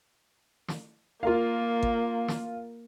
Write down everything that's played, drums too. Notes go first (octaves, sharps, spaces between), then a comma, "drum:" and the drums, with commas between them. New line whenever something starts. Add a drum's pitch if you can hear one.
drum: snare
A#3 F4 A#4 F5
drum: kick G#1
drum: snare